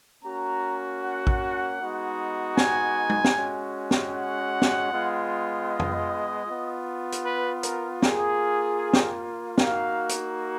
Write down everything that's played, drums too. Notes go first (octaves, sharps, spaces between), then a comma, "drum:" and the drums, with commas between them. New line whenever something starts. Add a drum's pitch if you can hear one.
A#3 C#4 F#4 A#5
F#5
drum: kick A1
G#3 B3 D#4 F#4
G#5, drum: snare
drum: tom G#3
drum: snare
G#3 C#4 F#4
drum: snare
F#5
drum: snare
G#3 B3 F4
D#5
drum: tom
B3 F4
drum: hi-hat
B4
A#4, drum: hi-hat
A#3 F4 G#4, drum: snare
drum: snare
A#3 D#4 F#4 F5, drum: snare
drum: hi-hat